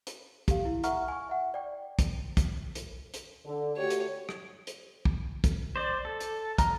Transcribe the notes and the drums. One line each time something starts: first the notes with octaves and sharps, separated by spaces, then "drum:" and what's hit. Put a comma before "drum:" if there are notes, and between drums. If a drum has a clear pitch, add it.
drum: hi-hat
G4 F5, drum: kick, hi-hat
E4
E5 F#5 A#5 C#6 F6, drum: hi-hat
G#5 C#6
E5 F#5
D5 G5
drum: kick, hi-hat
drum: kick, hi-hat
drum: hi-hat
drum: hi-hat
D3
A3 F#4 G4 C#5
drum: hi-hat
drum: rim click
drum: hi-hat
drum: kick
drum: kick, hi-hat
C5 D5
A4
drum: hi-hat
A#5 F6, drum: kick, hi-hat